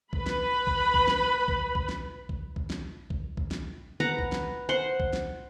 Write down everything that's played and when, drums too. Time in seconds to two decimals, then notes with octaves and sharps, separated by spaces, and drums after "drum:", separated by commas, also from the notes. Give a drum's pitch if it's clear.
0.13 B4 B5, drum: kick B1
0.26 drum: snare
0.67 drum: kick B1
0.94 drum: kick B1
1.08 drum: snare
1.48 drum: kick B1
1.75 drum: kick B1
1.89 drum: snare
2.29 drum: kick B1
2.56 drum: kick B1
2.70 drum: snare
3.10 drum: kick B1
3.37 drum: kick B1
3.51 drum: snare
4.00 B4 F#5 A#5
4.19 drum: kick B1
4.32 drum: snare
4.69 C5 F#5 C6
5.00 drum: kick B1
5.13 drum: snare